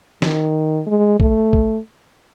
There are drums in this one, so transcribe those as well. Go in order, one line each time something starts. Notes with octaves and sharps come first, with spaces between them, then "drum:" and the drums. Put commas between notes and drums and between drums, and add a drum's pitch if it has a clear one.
D#3, drum: snare
G#3
A3, drum: kick
drum: kick